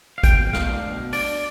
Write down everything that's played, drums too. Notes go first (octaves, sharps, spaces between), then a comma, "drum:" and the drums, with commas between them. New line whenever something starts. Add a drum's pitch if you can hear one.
F5
B2 G5, drum: kick, hi-hat
B2
F5, drum: snare
D4
B2
D4 D5, drum: open hi-hat